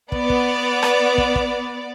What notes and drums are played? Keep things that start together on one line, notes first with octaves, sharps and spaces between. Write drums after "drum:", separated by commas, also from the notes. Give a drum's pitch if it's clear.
B3 D5, drum: kick
drum: kick
drum: rim click
drum: kick
drum: kick